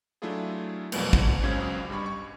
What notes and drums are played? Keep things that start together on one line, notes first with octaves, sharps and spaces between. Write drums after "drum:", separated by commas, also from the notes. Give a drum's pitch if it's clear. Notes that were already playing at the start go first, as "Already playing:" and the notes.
F#3 A3 D4 E4 F4 G#4
F2 B2 F#3 G#3 A#3 B3, drum: cymbal
G#1 F#5, drum: kick
C#2 C#3 F#3 C5 G#6
G2 G3 B5 C#6
C#6